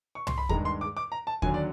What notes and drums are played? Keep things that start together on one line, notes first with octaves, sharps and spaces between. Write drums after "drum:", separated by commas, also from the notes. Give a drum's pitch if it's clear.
C#6
C6, drum: tom C2
B5
G2 D#3 G#3 A#5, drum: kick D#2
C6
D6
D6
A#5
A5
D#2 D3 F#3 G#5, drum: kick D#2
D5